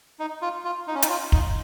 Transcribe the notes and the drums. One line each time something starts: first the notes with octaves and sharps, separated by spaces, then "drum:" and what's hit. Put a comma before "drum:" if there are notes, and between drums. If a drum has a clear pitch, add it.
D#4
F4
F4
D#4
C#4
D#4, drum: hi-hat
F4
D#4, drum: kick